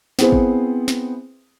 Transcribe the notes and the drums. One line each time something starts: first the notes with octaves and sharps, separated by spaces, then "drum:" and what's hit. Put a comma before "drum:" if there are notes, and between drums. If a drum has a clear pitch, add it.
B3 C4 E4 G#4 C5, drum: snare
drum: kick
drum: snare